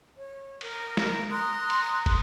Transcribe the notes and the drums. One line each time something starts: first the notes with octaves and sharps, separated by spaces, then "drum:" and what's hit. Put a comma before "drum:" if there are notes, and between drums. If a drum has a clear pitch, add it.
C#5
A#4, drum: cymbal
drum: snare
A#5 C6 D#6 F#6
drum: cymbal
drum: kick, cymbal